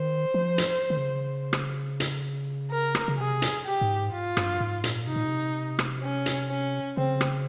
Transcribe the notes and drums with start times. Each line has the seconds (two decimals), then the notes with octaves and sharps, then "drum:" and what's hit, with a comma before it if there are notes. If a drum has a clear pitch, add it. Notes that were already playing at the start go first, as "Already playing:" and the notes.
Already playing: D#3 C5
0.34 F3
0.58 drum: hi-hat
0.90 D#3
0.97 C#3
1.53 drum: rim click
2.00 drum: hi-hat
2.71 A#4
2.95 drum: rim click
3.08 C#3
3.19 C3 G#4
3.42 drum: hi-hat
3.66 G4
3.81 G#2
4.12 F4
4.37 G2, drum: rim click
4.60 G#2
4.84 A#2, drum: hi-hat
5.07 C3 D#4
5.16 A#2
5.25 C3
5.79 drum: rim click
6.02 C#4
6.26 drum: hi-hat
6.50 C#4
6.97 C#3 C4
7.21 drum: rim click